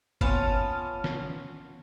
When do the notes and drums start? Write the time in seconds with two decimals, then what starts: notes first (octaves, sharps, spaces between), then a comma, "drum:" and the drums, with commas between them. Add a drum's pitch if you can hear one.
0.21 B3 C#4 F4 A5, drum: kick G1
1.04 drum: snare